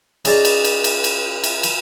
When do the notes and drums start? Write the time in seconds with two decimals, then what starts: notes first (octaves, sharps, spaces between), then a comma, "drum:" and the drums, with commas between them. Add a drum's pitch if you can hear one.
0.25 C#4 D#4 G#4 D5 D#5 A#5, drum: cymbal
0.45 drum: cymbal
0.64 drum: cymbal
0.84 drum: cymbal
1.04 drum: cymbal
1.44 drum: cymbal
1.63 drum: cymbal